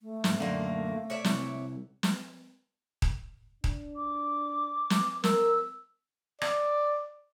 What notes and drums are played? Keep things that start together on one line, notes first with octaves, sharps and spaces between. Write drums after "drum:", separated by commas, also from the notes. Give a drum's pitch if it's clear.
A3
G#2, drum: snare
F#2 A#2 D3 A#3
C#5 D5 E5
C2, drum: snare
drum: snare
drum: kick D#1
D4, drum: kick D#1
D6
drum: snare
A#4 E6, drum: snare
D5, drum: rim click